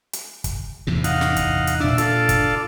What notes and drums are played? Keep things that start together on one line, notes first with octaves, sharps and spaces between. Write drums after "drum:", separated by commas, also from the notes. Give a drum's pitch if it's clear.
drum: hi-hat
drum: kick, hi-hat
E2 A2 C3
D#4 F5 F#5, drum: hi-hat
drum: snare
drum: kick, hi-hat
drum: hi-hat
A#2 D4 D5 E5
F4 A4 D5, drum: hi-hat
drum: kick, hi-hat